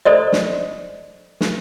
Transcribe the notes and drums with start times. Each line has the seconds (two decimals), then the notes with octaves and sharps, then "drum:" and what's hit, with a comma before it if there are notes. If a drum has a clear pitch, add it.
0.05 A4 C5 D5 D#5
0.32 drum: snare
1.41 drum: snare